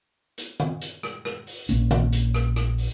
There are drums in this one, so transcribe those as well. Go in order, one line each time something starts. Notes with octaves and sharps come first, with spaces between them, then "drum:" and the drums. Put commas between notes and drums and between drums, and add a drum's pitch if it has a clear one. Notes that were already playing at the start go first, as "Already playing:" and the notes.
drum: hi-hat
drum: tom D#3
drum: hi-hat
drum: rim click
drum: rim click
drum: open hi-hat
A#1 A#3 C#4, drum: hi-hat
drum: tom D#3
drum: hi-hat
drum: rim click
drum: rim click
drum: open hi-hat